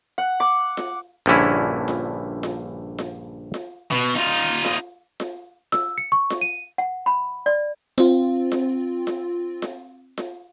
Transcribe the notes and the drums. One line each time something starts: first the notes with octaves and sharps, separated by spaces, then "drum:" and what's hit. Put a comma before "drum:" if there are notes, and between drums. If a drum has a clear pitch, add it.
F#5
D6
drum: snare F4
A#1 G2 D3 C#4 E4
drum: snare F4
drum: snare F4
drum: snare F4
drum: snare F4
B2
D#4 F4
drum: snare F4
drum: snare F4
E6, drum: snare F4
C#7
C#6
drum: snare F4
D#7
F#5
B5
D5
C4 F4, drum: snare F4
drum: snare F4
drum: snare F4
drum: snare F4
drum: snare F4